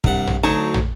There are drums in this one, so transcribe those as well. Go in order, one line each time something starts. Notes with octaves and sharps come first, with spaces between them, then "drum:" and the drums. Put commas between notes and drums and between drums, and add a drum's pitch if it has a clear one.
C2 G2 F#5, drum: kick
drum: tom
D2 D3 F#3 D#4 A5 C#6
drum: tom